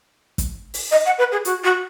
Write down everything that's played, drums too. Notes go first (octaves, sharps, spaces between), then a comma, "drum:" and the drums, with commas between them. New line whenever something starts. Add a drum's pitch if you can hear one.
drum: kick, hi-hat
drum: open hi-hat
D#5
F#5
B4
G#4
F#4, drum: hi-hat
F#4